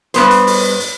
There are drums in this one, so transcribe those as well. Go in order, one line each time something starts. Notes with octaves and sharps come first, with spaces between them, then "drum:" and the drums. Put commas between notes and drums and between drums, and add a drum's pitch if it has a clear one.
G2 B3 C5, drum: hi-hat
drum: hi-hat
drum: open hi-hat
drum: hi-hat